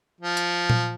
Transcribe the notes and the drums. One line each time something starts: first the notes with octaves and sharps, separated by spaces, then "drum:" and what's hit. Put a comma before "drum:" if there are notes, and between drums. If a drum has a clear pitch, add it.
F3
drum: hi-hat
drum: tom A#2